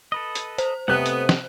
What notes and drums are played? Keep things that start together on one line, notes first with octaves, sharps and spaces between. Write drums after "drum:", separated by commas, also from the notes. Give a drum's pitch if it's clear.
A4 B4 D#5
drum: hi-hat
C5, drum: hi-hat
C3 A3 B3 D#5 F#5 F#6
drum: hi-hat
drum: snare